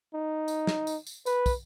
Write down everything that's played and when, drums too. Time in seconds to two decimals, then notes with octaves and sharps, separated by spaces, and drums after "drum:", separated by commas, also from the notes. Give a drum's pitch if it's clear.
0.14 D#4
0.48 drum: tambourine
0.67 drum: snare
0.87 drum: tambourine
1.07 drum: tambourine
1.26 B4, drum: tambourine
1.46 drum: kick, tambourine